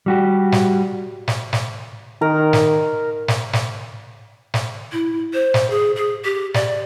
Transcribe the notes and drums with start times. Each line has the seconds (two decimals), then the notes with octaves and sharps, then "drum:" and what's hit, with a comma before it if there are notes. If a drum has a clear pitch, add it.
0.06 G3 F#4 G4
0.52 drum: snare
1.28 drum: snare
1.53 drum: snare
2.21 D#3 A#4
2.53 drum: snare
3.28 drum: snare
3.53 drum: snare
4.54 drum: snare
4.92 E4
5.34 C5
5.54 drum: snare
5.70 G#4
5.96 G#4
6.25 G4
6.54 D5, drum: snare